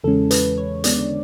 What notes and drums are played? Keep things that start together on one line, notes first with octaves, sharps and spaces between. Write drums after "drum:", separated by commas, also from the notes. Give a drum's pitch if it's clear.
E2 C#3 E3 G#3 C#4 A4
B4, drum: hi-hat
C#5
D3 G#3 B3 D4 D5, drum: hi-hat